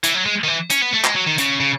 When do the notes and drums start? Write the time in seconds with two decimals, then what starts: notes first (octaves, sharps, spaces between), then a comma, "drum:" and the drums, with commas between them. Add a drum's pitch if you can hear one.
0.04 E3, drum: hi-hat
0.14 F#3
0.26 G#3
0.44 D#3
0.48 E3
0.70 C#4, drum: hi-hat
0.81 B3
0.93 A3
1.04 G#3, drum: clap
1.15 F#3
1.27 D#3
1.38 C#3, drum: hi-hat
1.60 C#3